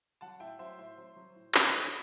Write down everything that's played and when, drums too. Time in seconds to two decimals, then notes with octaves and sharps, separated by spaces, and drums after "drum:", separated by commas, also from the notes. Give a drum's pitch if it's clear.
0.21 F#3 F#5 A5
0.40 A2 E5 G5
0.59 F#3 C5 E5
0.79 A2 C5 E5
0.98 F#3 C5
1.16 F#3
1.36 A2
1.55 A2, drum: clap
1.73 A2